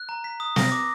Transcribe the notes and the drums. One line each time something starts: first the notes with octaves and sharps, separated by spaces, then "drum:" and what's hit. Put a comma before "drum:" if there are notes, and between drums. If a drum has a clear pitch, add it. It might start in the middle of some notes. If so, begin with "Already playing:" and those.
Already playing: F#6
A#5
B6
D#6
A#6, drum: snare
D6